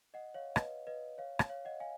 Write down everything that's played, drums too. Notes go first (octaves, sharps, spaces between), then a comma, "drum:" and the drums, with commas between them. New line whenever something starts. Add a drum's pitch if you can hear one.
D#5 F#5
C#5 F5
B4 D#5, drum: rim click
B4 D#5
C#5 F5
drum: rim click
C#5 F5
D#5 F#5
F5 G#5